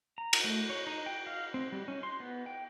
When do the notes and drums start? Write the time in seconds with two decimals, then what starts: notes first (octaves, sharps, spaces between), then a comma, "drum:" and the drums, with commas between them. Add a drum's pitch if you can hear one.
0.18 A#5
0.33 drum: cymbal
0.44 A3
0.70 C#5
0.87 D#4
1.06 G5
1.27 F5
1.54 C4
1.72 G3
1.88 C#4
2.03 C6
2.20 B3
2.46 G5